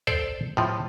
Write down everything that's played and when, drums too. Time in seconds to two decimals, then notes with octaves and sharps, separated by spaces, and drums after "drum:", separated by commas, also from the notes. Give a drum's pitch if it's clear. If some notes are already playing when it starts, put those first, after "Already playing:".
0.07 A4 C5 D5, drum: kick
0.57 A2 F3